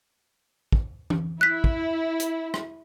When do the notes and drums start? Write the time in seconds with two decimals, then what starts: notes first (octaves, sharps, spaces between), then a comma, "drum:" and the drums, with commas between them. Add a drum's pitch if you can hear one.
0.72 drum: kick
1.10 drum: tom E3
1.41 E4 F#6 B6
1.64 drum: kick
2.20 drum: hi-hat
2.54 drum: rim click